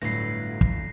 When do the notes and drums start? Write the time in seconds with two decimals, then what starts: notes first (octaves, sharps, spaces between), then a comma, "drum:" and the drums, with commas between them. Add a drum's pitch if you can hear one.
0.02 G1 A2 F#3 A#6 C7
0.61 drum: kick